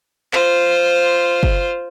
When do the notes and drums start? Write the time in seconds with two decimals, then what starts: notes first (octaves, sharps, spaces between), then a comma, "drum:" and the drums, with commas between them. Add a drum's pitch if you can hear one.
0.33 F4 C5, drum: clap
1.43 drum: kick F#1